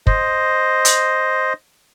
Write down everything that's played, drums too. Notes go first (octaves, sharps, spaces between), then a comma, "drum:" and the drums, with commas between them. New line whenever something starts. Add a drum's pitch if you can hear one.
C5 D#5, drum: kick
drum: hi-hat